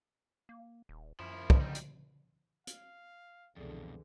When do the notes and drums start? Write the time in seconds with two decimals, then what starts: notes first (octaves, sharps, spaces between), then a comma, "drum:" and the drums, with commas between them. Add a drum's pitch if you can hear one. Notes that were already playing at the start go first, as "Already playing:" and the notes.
0.49 A#3
0.89 D#1
1.20 F#2 F3 E4
1.50 drum: kick
1.60 D3 G3 D#4
1.74 drum: hi-hat
2.67 F5, drum: hi-hat
3.56 C2 F2 B2 D3 E3 G#4 A4 D5